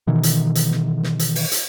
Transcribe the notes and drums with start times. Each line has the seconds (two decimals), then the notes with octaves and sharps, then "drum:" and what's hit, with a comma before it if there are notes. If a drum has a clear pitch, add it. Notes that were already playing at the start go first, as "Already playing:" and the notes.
0.07 B2 D#3 E3
0.23 drum: hi-hat
0.55 drum: hi-hat
0.71 drum: snare
1.03 drum: snare
1.19 drum: hi-hat
1.35 drum: open hi-hat
1.51 drum: hi-hat